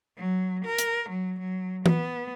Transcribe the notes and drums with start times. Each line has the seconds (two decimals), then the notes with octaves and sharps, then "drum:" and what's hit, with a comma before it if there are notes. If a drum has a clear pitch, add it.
0.18 F#3
0.65 A#4
0.79 drum: hi-hat
1.09 F#3
1.39 F#3
1.86 B3, drum: tom E3